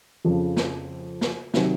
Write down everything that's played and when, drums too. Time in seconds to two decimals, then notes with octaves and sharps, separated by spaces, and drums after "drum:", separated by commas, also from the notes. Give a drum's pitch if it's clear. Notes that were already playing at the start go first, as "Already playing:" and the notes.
0.25 F2 C#3 F3
0.57 drum: snare
1.21 drum: snare
1.54 C3 D#3 F#3, drum: snare